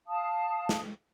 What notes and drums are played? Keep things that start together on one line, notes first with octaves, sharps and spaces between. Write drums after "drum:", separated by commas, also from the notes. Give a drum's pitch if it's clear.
F5 A5 D#6
drum: snare